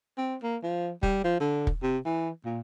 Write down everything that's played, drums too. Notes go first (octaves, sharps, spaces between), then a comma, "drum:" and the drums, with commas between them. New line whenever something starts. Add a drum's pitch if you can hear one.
C4
A#3
F3
G3, drum: kick
F3
D3
drum: kick
C3
E3
A#2